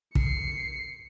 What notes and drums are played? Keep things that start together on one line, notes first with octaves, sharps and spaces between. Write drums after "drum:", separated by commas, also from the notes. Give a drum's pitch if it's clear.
C7 C#7, drum: kick